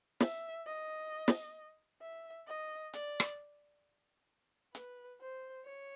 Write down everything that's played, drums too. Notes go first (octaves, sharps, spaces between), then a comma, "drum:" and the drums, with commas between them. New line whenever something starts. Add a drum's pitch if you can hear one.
E5, drum: snare
D#5
drum: snare
E5
D#5
D5, drum: hi-hat
drum: rim click
B4, drum: hi-hat
C5
C#5